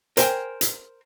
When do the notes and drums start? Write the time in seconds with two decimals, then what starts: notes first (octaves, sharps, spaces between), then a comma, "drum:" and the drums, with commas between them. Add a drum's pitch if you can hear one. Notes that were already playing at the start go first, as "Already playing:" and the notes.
0.17 A#4 C5 G5 G#5, drum: hi-hat
0.61 drum: hi-hat